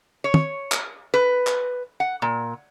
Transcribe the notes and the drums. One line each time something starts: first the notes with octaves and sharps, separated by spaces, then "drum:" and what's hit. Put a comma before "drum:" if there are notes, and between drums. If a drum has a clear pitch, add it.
C#5
drum: tom
drum: clap
B4
drum: clap
F#5
A#2